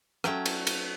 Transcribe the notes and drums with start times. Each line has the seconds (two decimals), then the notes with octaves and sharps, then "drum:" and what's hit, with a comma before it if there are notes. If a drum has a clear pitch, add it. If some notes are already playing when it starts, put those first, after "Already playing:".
0.24 F#3 A3 C#4 G5, drum: rim click
0.46 drum: cymbal
0.67 drum: cymbal